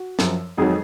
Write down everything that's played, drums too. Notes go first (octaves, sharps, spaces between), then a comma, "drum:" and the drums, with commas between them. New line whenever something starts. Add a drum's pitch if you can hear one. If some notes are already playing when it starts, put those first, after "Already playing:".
Already playing: F#4
F#2 F3, drum: snare
F2 D#3 F#3 G#3 G#4